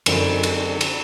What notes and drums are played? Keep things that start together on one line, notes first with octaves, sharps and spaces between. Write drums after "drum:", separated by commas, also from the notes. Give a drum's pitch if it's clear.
F#2 D3 C4 D#4, drum: cymbal
drum: cymbal
drum: cymbal